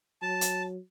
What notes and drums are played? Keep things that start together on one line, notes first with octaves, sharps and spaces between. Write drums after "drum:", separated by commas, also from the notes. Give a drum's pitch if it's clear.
F#3 A5
drum: hi-hat